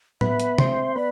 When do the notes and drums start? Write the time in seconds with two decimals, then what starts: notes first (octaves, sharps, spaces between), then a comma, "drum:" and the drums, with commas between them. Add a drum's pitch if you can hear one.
0.21 B3 B4 E5, drum: tom A2
0.40 drum: hi-hat
0.58 C4 C5, drum: tom C3
0.96 B3 B4 D5